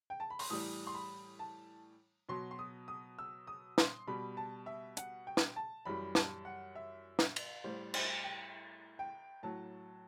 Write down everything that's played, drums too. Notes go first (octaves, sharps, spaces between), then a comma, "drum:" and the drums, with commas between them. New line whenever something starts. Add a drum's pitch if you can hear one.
G5
A5
B5
C6, drum: open hi-hat
A2 E3 G3 D#6
C6
B5
A5
B2 F#3 C6
C6
D#6
D#6
E6
D#6
C6, drum: snare
B2 G3 B5
A5
E5
F#5, drum: hi-hat
G5
drum: snare
A5
F#2 E3 G3 B5
A5, drum: snare
F#5
E5
drum: snare
drum: cymbal
A2 G3 C5
C5, drum: cymbal
G5
G5
A2 F#3 A5